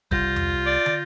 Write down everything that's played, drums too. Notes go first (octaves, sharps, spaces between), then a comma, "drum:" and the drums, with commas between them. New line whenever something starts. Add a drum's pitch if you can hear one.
C2 G3 F4 G6 A#6, drum: kick
drum: tom E2
D5
drum: tom